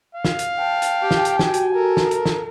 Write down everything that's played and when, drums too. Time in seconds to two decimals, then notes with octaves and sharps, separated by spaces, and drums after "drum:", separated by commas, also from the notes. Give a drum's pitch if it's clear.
0.15 F5
0.24 drum: snare
0.39 drum: hi-hat
0.58 G5 A5
0.82 drum: hi-hat
1.02 G4
1.11 drum: snare
1.25 drum: hi-hat
1.39 F#4 G#5, drum: snare
1.54 drum: hi-hat
1.75 A4 A#4
1.97 drum: snare
2.11 drum: hi-hat
2.25 drum: snare